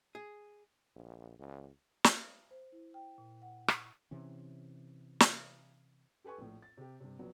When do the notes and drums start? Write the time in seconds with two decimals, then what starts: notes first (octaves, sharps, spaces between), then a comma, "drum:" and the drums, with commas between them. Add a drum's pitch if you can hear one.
0.15 G#4
0.96 A#1
1.39 C#2
2.04 drum: snare
2.51 C5
2.72 E4
2.94 G5
3.18 A#2
3.42 F#5
3.68 C#6, drum: rim click
4.11 C3 E3 C#4
5.20 drum: snare
6.24 G4 A4 B4 G#5 C#6
6.38 A#1 A2
6.62 A6
6.77 C3 G4
7.00 G2 C3
7.19 A#1 F#3 B3